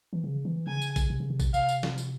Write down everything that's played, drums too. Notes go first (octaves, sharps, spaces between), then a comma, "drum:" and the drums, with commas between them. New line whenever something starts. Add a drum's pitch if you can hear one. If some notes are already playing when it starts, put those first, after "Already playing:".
E3
C#3
E3
C#3 G#5
drum: tambourine
drum: kick A1, tambourine
C3
C#3
C3
drum: kick A1, tambourine
F5, drum: tambourine
drum: tambourine
drum: snare
drum: tambourine